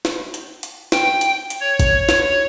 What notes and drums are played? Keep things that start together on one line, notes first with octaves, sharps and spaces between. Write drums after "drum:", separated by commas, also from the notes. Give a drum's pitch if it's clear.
drum: snare
drum: hi-hat
drum: hi-hat
G5, drum: snare
drum: hi-hat
drum: hi-hat
C#5
drum: kick G#1, hi-hat
drum: snare